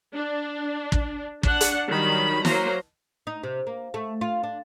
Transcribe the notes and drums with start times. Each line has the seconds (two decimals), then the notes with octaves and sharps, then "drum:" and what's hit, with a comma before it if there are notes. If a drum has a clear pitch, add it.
0.14 D4
0.92 drum: kick
1.43 D4 F#5, drum: kick
1.61 drum: hi-hat
1.88 D#3 F#3 G3 B5
2.45 F#3 A#3 C5 A#5, drum: snare
3.27 D#4
3.43 C3
3.67 A#3
3.94 A3
4.21 F4
4.43 D4